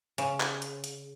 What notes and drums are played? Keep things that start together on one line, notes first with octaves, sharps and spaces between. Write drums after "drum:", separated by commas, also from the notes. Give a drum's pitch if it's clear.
C#3, drum: hi-hat
drum: clap
drum: hi-hat
drum: hi-hat